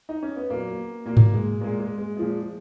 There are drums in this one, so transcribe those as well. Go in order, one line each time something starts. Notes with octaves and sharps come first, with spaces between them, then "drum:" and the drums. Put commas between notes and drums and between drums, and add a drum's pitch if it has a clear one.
D#4
C#4
B3
A#2 F#3 A#3
A#2 F#3 A#3
drum: tom G#2
G#3
A#2 G#3 A#3
G#3
G#3
A#2 F3 G#3